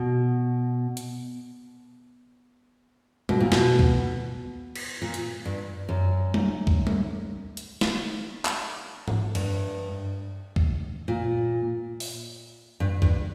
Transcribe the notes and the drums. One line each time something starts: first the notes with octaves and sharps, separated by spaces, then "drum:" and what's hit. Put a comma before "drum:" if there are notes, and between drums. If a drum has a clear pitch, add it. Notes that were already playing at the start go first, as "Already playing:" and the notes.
Already playing: B2
drum: hi-hat
B2, drum: tom G3
A#2
B2, drum: snare
drum: kick
drum: cymbal
A#2
drum: hi-hat
G2
F#2
drum: tom G3
drum: kick
drum: tom G3
drum: hi-hat
drum: snare
drum: clap
drum: tom G#2
G2, drum: cymbal
drum: kick
A#2
drum: open hi-hat
G2
G2, drum: kick